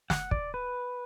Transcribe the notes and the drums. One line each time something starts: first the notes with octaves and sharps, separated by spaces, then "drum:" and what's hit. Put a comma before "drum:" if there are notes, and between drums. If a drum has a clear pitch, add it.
F#5, drum: snare
D5, drum: kick
B4